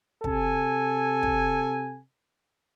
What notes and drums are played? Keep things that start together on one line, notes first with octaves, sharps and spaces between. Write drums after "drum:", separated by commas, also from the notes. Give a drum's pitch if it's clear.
C3 A4 G#5, drum: kick
drum: kick